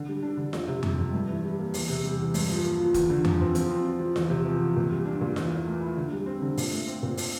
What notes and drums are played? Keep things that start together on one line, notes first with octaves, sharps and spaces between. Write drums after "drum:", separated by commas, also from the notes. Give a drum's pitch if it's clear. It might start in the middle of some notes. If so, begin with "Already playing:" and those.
Already playing: D3
G3
D4
D3
F2, drum: snare F4
C3
G3, drum: tom F2
F2
G2
E3
G3
A#3
E2, drum: open hi-hat
C3
G3
E2
G2, drum: open hi-hat
F3
A#3
F4
E2, drum: kick, hi-hat
D3
F3, drum: tom F2
C4
F3, drum: hi-hat
C4
F4
F3
E2, drum: snare F4
C3
F3
E2
A#2
G3
D4
A#2
E2, drum: snare F4
E3
A3
E4
D3
G3
C4
D3
A#2, drum: open hi-hat
A3
C4
A#2
drum: open hi-hat